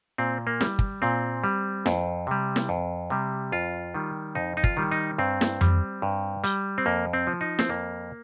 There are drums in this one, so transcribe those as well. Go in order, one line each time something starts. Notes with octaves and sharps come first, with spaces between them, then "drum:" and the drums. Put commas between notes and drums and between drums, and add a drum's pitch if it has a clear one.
A#2 C4
A#3
G3, drum: snare
drum: kick
A#2 C4
G3
F2, drum: snare
C3 G3
drum: snare
F2
C3 G3
F2 F4
D#3 G3
F2 D#4
D#4
F4, drum: kick
D#3 G3
D#4
G2 C4
drum: snare
G3, drum: tom F2
G2
G3, drum: hi-hat
C4
F2 A#3
C4
F3
D#4
C4, drum: snare
F2 A#3